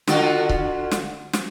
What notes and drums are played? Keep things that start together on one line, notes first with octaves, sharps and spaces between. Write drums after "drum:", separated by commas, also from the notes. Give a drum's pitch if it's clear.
D3 F4 F#4, drum: snare
drum: kick C#1
drum: snare
drum: snare